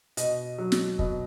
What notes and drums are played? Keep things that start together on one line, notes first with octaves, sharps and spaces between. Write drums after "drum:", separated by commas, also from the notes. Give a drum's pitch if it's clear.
B2 D#5, drum: hi-hat
F#3
drum: snare
B2, drum: kick